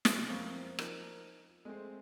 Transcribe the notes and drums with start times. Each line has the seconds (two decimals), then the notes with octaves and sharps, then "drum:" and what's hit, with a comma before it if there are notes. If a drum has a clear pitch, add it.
0.05 drum: snare
0.16 C3
0.28 F2 A#3 C4 F5 C#6
0.79 F3 D#4 A#4, drum: rim click
1.65 G#3 A3 C4